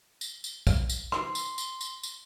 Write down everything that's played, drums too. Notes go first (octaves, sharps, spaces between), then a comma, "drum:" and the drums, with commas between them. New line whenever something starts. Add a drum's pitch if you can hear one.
drum: tambourine
drum: tambourine
drum: kick, tambourine
drum: tambourine
C6, drum: rim click
drum: tambourine
drum: tambourine
drum: tambourine
drum: tambourine